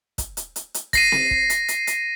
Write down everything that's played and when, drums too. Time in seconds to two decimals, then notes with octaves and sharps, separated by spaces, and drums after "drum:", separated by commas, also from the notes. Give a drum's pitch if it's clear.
0.18 drum: kick, hi-hat
0.37 drum: hi-hat
0.56 drum: hi-hat
0.74 drum: hi-hat
0.93 A#6 C7 D#7, drum: kick, hi-hat
1.12 drum: snare C4
1.31 drum: kick
1.50 drum: hi-hat
1.68 drum: hi-hat
1.87 drum: hi-hat